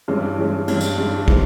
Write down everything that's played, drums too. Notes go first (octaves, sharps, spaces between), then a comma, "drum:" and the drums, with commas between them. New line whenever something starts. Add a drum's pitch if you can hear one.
G2 E3 G#3 C#4
G2 E3 G#3 C#4
G2 E3 G#3 C#4, drum: cymbal
drum: tambourine
G2 E3 G#3 C#4
C3 E3 G#3 C4, drum: kick